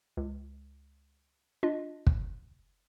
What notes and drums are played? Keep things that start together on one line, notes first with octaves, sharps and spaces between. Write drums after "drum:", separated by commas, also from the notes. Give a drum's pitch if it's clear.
C#2
D4 F4 D#5
drum: kick